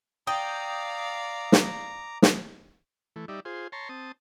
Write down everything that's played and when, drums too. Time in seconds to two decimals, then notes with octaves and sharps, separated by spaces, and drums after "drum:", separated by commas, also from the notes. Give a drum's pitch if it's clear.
0.27 D5 F5 G5 A#5 D6 D#6
1.52 drum: snare
2.22 drum: snare
3.16 E3 A3
3.28 G3 D#4 D5 E5
3.45 F4 G#4 C5
3.72 C#5 A5 A#5 C6
3.89 C4 A5 D#6